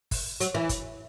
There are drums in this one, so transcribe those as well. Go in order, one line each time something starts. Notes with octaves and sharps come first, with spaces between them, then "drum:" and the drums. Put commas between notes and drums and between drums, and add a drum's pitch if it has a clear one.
drum: kick G1, open hi-hat
F#3, drum: hi-hat
E3
drum: kick G1, hi-hat